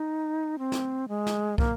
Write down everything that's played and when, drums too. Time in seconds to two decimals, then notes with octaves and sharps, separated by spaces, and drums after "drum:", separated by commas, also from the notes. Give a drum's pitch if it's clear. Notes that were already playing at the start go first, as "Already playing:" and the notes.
Already playing: D#4
0.59 C4
0.72 drum: snare
1.08 G#3
1.27 drum: snare
1.58 A#3, drum: kick